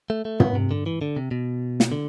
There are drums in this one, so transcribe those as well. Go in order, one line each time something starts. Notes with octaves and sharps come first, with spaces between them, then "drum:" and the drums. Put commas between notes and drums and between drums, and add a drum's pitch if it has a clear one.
A3
A3
B3, drum: tom
C3
D3
E3
D3
C3
B2
drum: snare
D3